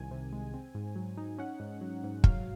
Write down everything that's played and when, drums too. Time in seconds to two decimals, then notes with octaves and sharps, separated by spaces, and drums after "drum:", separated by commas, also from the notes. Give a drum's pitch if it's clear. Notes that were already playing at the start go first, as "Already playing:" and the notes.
Already playing: C2 D#3 G#5
0.11 C3
0.33 G#3
0.54 C4
0.75 G#2
0.96 F#3
1.17 D#4
1.39 C#4 F#5
1.60 G#2
1.81 F#3
2.03 G#2
2.24 F#3 F5, drum: kick